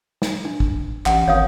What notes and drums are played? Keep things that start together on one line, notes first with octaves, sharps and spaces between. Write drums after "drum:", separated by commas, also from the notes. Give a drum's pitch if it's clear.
drum: snare
D4
drum: kick
A1 F#5, drum: clap
G#1 C#5 F5 D#6